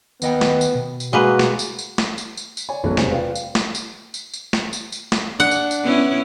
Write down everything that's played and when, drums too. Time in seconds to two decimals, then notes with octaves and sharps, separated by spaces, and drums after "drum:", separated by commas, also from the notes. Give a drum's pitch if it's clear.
0.22 D#2 B3 D#5 G5, drum: tambourine
0.41 drum: snare
0.61 drum: tambourine
0.75 B2
1.00 drum: tambourine
1.13 G#3 A#3 F#4 B4
1.39 drum: snare
1.59 drum: tambourine
1.79 drum: tambourine
1.98 drum: snare
2.18 drum: tambourine
2.37 drum: tambourine
2.57 drum: tambourine
2.69 C#5 D5 G#5
2.83 F#1 B1 G#3 A4 F#6
2.97 E1 C3 C4 G#5, drum: snare
3.11 F4 B4 D5 F5 G5
3.35 drum: tambourine
3.55 drum: snare
3.75 drum: tambourine
4.14 drum: tambourine
4.34 drum: tambourine
4.53 drum: snare
4.73 drum: tambourine
4.92 drum: tambourine
5.12 drum: snare
5.40 D4 F#5
5.51 drum: tambourine
5.71 drum: tambourine
5.83 B3 C#4 E4